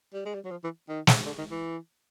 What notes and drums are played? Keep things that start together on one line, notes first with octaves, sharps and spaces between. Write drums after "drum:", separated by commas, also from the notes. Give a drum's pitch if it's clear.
G3
G#3
G3
F#3
F3
E3
D#3
drum: snare
D3
D#3
E3